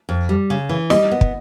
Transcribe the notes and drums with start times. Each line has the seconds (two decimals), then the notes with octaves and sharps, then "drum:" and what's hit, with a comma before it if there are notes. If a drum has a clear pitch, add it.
0.09 F2
0.29 G3
0.50 C#3
0.69 E3
0.90 G3 D#5, drum: snare
1.11 B3
1.21 drum: kick